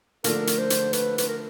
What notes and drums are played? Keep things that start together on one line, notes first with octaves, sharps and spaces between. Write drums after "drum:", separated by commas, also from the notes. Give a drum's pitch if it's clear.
D3 F3 A3 D4 A#4, drum: hi-hat
drum: hi-hat
C5
drum: hi-hat
B4, drum: hi-hat
B4, drum: hi-hat
A#4